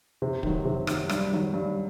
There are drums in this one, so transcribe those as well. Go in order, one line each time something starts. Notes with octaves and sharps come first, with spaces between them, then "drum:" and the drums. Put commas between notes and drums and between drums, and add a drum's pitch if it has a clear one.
C3
D#3 F#3, drum: kick
C3
D#3 F#3, drum: rim click
G2, drum: rim click
D#3 F#3
G2